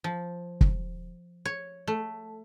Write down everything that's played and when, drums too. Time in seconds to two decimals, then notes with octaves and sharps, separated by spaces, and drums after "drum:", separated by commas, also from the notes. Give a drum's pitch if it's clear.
0.04 F3
0.61 drum: kick
1.45 C#5
1.88 A3